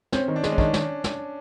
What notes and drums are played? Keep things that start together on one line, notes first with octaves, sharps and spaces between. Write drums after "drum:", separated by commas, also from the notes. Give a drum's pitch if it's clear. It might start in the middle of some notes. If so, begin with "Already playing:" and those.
C4 C#4, drum: snare
D#3
D4
G#3, drum: snare
C#4
D#3 D4, drum: kick
drum: snare
drum: snare